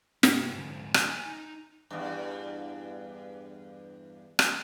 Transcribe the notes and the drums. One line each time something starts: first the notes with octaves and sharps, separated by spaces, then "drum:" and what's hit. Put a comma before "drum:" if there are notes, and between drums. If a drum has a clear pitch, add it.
G2 C3, drum: snare
D2 G#2
drum: rim click
D#4 G#5
D#4
E2 G2
drum: rim click